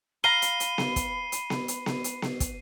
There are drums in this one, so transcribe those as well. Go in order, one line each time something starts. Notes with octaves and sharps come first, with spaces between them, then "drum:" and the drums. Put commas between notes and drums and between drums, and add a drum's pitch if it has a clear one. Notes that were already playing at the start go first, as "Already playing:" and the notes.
F5 A#5 B5 C7 D#7 G7
drum: hi-hat
drum: hi-hat
drum: snare B3
drum: kick, hi-hat
drum: hi-hat
drum: snare B3
drum: hi-hat
drum: snare B3
drum: hi-hat
drum: snare B3
drum: kick, hi-hat